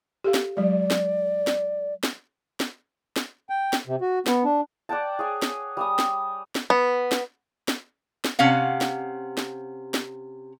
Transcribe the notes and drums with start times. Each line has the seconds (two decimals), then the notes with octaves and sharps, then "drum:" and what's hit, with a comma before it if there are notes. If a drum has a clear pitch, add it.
0.24 G4 A4 F5
0.34 drum: snare
0.57 F#3 G#3 D5
0.91 drum: snare
1.47 drum: snare
2.04 drum: snare
2.60 drum: snare
3.16 drum: snare
3.50 G5
3.73 drum: snare
3.87 C3
4.01 F#4
4.27 B3, drum: snare
4.44 D4
4.89 D5 F#5 G5 A5
5.19 G#4 C#5 G#5
5.42 drum: snare
5.77 G3 G#5 D#6
5.99 drum: snare
6.55 drum: snare
6.70 B3
7.12 drum: snare
7.68 drum: snare
8.25 drum: snare
8.39 C3 C#4 F5 F#5
8.81 drum: snare
9.38 drum: snare
9.94 drum: snare